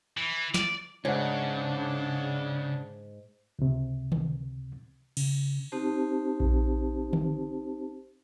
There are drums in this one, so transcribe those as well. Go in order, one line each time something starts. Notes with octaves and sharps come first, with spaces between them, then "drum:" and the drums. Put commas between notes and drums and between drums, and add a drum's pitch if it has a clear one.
E3
D5, drum: snare
G#2 C#3 D4 C#5 F#5
C#2 C3
drum: tom D3
C#3, drum: cymbal
C4 D#4 G4 C5 A5
drum: kick A#1
drum: tom D3